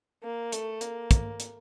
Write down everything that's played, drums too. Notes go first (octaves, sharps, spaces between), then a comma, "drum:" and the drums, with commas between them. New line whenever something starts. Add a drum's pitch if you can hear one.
A#3
A3, drum: hi-hat
A#3, drum: hi-hat
drum: kick, hi-hat
drum: hi-hat